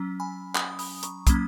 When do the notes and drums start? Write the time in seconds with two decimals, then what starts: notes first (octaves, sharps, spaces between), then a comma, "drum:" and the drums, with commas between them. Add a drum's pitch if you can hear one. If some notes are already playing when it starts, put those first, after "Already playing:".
Already playing: F#3 C#4
0.20 G#5 B5
0.56 B5 D#6, drum: clap
0.79 B5 D#6, drum: open hi-hat
1.03 A#5 C#6, drum: hi-hat
1.27 F#3 A#3 C#4 B5 D#6, drum: kick, hi-hat